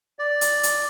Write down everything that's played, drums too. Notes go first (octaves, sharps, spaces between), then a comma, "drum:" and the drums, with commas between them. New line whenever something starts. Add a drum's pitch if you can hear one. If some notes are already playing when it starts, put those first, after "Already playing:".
D5
drum: hi-hat
drum: hi-hat